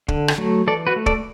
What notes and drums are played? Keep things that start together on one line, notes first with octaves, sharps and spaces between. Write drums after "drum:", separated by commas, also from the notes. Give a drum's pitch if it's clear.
D3, drum: kick
drum: rim click
F#3 A3
E3 A4 D5
F#4 B4
A3
A4 D5, drum: kick